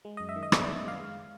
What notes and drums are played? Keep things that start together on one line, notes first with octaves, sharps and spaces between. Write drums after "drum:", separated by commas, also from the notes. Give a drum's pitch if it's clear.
G#3
F#2 D#5
E5
D#3
D#5
B3 D5, drum: rim click
D5
G#3
D#5
F#2 F5
G#3